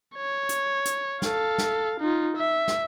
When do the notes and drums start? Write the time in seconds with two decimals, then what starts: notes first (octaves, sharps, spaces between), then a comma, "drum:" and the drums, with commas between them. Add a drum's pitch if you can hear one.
0.16 C#5
0.49 drum: hi-hat
0.85 drum: hi-hat
1.22 A4 F5, drum: snare
1.58 drum: snare
2.00 D#4 F4
2.37 E5
2.68 drum: snare